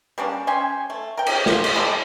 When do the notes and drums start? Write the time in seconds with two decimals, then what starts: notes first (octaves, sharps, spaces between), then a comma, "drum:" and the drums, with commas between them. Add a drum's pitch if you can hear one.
0.18 G3 A#3 C#4 D4
0.47 C#4 C5 G5 G#5
0.90 A3
1.17 A#4 G5
1.26 drum: cymbal
1.46 F4, drum: snare
1.64 drum: cymbal
1.74 G#3 E4 G4 A4